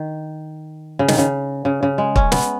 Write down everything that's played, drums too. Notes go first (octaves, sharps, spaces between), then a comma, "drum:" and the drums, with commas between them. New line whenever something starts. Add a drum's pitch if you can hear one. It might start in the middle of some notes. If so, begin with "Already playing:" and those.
Already playing: D#3
C#3
D#3, drum: snare
C#3
C#3
C#3
G#3
C#4, drum: kick
B3, drum: snare